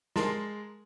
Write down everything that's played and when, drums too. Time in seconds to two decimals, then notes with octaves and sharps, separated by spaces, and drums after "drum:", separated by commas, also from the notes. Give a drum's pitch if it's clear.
0.16 G#3 A#4 A5 C6, drum: snare